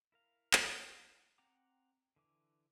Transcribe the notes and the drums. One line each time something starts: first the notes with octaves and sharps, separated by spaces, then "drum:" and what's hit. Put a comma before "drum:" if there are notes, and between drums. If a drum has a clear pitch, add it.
E4 A#4 F5
drum: clap
C4 F#5 G5 A#5 D6
D3 E3 D6